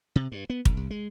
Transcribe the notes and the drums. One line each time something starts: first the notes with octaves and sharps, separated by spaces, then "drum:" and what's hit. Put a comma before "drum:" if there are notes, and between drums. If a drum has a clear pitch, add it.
C3
G2
B3
A#1, drum: kick
C2
G#3